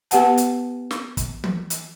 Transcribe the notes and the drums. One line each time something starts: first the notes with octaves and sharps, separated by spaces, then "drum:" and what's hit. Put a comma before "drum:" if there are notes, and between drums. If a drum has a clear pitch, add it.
B3 G4 B4 F#5 A5, drum: hi-hat
drum: hi-hat
drum: snare
drum: kick, hi-hat
drum: tom
drum: hi-hat